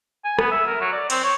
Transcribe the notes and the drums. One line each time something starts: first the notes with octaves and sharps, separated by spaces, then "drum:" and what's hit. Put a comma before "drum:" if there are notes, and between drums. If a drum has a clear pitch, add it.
G#5
B3, drum: rim click
E5
A#4
F#3
D5
C4, drum: cymbal
C#5